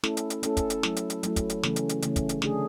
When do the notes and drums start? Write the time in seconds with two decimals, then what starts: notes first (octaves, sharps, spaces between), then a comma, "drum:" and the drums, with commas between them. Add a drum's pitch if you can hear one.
0.04 A3 C#4 E4 A4, drum: snare
0.17 drum: hi-hat
0.30 drum: hi-hat
0.43 A3 C#4 E4 A4, drum: hi-hat
0.57 drum: kick, hi-hat
0.70 drum: hi-hat
0.83 F#3 A3 E4, drum: snare
0.96 drum: hi-hat
1.10 drum: hi-hat
1.23 F#3 A3 E4, drum: hi-hat
1.36 drum: kick, hi-hat
1.50 drum: hi-hat
1.63 C#3 E3 A3 C#4, drum: snare
1.76 drum: hi-hat
1.89 drum: hi-hat
2.02 C#3 E3 A3 C#4, drum: hi-hat
2.16 drum: kick, hi-hat
2.29 drum: hi-hat
2.42 D3 A3 D4 G#4, drum: snare